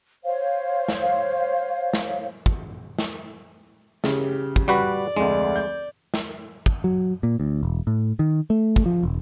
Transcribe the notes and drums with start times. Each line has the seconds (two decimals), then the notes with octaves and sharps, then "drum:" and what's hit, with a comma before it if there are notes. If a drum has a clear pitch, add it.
0.24 C5 C#5 F5
0.88 drum: snare
1.93 drum: snare
2.46 drum: kick
2.99 drum: snare
4.04 C#3 G4, drum: snare
4.56 drum: kick
4.68 G3 F#4 B4 D5
5.17 F1 D2 G#3
5.56 G6
6.14 drum: snare
6.66 drum: kick
6.84 F#3
7.23 A#2
7.40 D2
7.63 E1
7.87 A2
8.19 D#3
8.50 A3
8.76 drum: kick
8.86 F3
9.03 E1